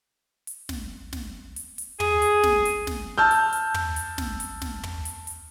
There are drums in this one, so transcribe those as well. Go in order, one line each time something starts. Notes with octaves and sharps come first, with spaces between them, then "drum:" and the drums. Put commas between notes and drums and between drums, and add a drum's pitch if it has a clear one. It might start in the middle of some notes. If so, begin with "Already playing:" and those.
drum: hi-hat
drum: snare
drum: snare
drum: hi-hat
drum: hi-hat
G#4, drum: tom
drum: hi-hat
drum: snare
drum: hi-hat
drum: snare
A5 E6 F6 G6
drum: hi-hat
drum: hi-hat
drum: tom
drum: hi-hat
drum: snare
drum: hi-hat
drum: snare
drum: tom
drum: hi-hat
drum: hi-hat